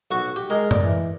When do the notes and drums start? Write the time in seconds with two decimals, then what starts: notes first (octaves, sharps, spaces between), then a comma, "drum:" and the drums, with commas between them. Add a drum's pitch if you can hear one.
0.11 B1 F#4 C#6
0.36 G4
0.50 G#3 A#4
0.71 D5, drum: tom F#2
0.83 E3